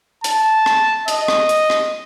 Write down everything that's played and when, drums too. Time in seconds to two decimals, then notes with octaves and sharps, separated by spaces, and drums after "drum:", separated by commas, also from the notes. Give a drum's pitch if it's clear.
0.24 A5, drum: hi-hat
0.66 drum: rim click
1.08 D#5, drum: hi-hat
1.28 drum: rim click
1.49 drum: hi-hat
1.70 drum: rim click